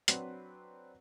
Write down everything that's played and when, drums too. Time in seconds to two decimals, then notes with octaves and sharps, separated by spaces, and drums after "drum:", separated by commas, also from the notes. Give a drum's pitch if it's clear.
0.08 F#3 C4 D4 B4 F#5, drum: hi-hat